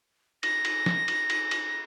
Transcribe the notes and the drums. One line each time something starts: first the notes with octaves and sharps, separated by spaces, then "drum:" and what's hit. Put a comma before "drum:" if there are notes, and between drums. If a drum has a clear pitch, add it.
A#6, drum: cymbal
drum: cymbal
drum: snare
drum: cymbal
drum: cymbal
drum: cymbal